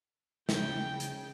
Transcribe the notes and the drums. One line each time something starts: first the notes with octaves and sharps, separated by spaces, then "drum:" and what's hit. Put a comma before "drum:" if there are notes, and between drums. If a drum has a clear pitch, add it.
C#3 G5, drum: snare
drum: hi-hat